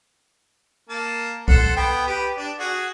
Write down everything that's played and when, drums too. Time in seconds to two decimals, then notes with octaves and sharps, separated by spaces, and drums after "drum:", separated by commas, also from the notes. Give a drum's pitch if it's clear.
0.89 A#3 A5
1.48 A4 C5 F#5, drum: kick B1
1.77 B3 G5
2.07 G4 B4
2.37 D4
2.60 F#4 G#4